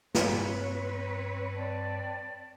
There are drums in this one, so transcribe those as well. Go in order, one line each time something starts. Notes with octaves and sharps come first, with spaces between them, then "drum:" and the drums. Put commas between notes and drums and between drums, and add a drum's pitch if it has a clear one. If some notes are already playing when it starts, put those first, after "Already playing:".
G2 C4 B4 C#5, drum: snare
D5 G5 A5